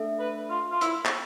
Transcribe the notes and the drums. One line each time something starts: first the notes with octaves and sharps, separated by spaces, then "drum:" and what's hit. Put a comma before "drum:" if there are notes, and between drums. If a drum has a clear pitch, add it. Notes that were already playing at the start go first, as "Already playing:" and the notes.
Already playing: A3 D4 A4 E5
B4
F4
F4
E4, drum: hi-hat
drum: clap